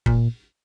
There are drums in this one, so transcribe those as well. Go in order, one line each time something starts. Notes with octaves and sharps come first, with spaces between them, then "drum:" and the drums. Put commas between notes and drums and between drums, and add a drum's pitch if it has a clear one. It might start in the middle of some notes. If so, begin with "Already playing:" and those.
A#2, drum: kick